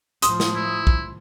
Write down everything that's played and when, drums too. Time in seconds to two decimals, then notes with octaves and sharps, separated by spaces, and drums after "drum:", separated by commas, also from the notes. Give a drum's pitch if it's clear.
0.22 A2 F3 C6 D#6, drum: hi-hat
0.40 drum: snare
0.55 E4
0.87 drum: kick